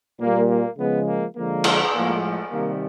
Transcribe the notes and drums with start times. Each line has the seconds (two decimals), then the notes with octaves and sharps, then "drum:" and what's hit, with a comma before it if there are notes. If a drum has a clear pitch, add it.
0.21 A#2 G3 A#3
0.50 A#3
0.79 C#3 F3 G#3 B3
1.07 A#3
1.36 D3 F3 G#3 A#3
1.64 drum: cymbal
1.94 A2 F3 G#3 A#3
2.23 A3
2.51 C3 D#3 G3 A#3